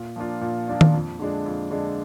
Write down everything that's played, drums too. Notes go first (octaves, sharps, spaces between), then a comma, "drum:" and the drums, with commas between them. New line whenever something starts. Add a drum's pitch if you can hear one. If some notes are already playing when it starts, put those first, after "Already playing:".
Already playing: A#2
F3 A#3 D4 F4
A#2
F3 A#3 D4 F4
drum: tom D#3
F2
D3 G#3 D4
F2
D3 G#3 D4